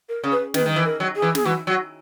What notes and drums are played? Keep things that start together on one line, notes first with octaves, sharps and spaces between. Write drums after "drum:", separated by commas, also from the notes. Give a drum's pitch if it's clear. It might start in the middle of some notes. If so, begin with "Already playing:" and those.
A#4
C#3
B4
D#3 B4, drum: snare
D#3
E3
A#4
F#3
G#4
E3
G#4, drum: snare
E3 F#4
F#3 F#4